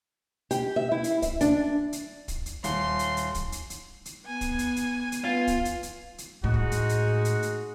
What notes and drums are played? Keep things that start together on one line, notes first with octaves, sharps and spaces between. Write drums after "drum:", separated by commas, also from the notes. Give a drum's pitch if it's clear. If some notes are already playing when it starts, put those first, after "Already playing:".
G4, drum: hi-hat
E5
E4
drum: hi-hat
E5, drum: kick, hi-hat
D4, drum: hi-hat
drum: hi-hat
drum: kick, hi-hat
drum: hi-hat
D#1 C6, drum: hi-hat
drum: hi-hat
drum: hi-hat
drum: kick, hi-hat
drum: hi-hat
drum: hi-hat
drum: hi-hat
B3 G#5
drum: kick, hi-hat
drum: hi-hat
drum: hi-hat
drum: hi-hat
B3 F4
drum: kick, hi-hat
drum: hi-hat
drum: hi-hat
drum: hi-hat
A2 G#3 D#4 F#4
drum: kick
drum: hi-hat
drum: hi-hat
drum: hi-hat
drum: hi-hat